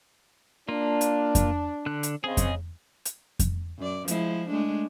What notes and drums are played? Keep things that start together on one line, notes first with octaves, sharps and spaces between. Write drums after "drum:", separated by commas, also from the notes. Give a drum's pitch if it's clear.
A#3 D4 F4
drum: hi-hat
drum: kick F2, hi-hat
D3 F#6
drum: hi-hat
C#3 C4 G#4 D#5
drum: kick F2, hi-hat
drum: hi-hat
drum: kick F2, hi-hat
F#2 D5
F3 G#3 E4, drum: hi-hat
G#3 A3 D4